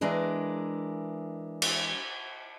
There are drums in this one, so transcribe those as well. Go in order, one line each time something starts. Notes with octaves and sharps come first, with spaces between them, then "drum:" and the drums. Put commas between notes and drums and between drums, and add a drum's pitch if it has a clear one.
E3 G#3 D4 A#4
drum: cymbal